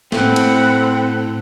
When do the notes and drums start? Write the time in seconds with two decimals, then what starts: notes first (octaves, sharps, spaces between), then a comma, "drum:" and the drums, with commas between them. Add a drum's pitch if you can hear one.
0.12 A2 A3 C4 F#5 B5, drum: snare
0.36 drum: cymbal